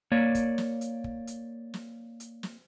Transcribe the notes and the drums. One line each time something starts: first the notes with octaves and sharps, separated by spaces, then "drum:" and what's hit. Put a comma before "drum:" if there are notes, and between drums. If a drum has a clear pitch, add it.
A#3 C#5 D5
drum: kick, hi-hat
drum: snare
drum: hi-hat
drum: kick
drum: hi-hat
drum: snare
drum: hi-hat
drum: snare